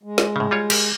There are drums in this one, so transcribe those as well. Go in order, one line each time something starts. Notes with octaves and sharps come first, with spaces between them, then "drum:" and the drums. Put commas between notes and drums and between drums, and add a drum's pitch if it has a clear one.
G#3
drum: snare
A2 C#3
G3 F4 C#5
G4 A#4, drum: cymbal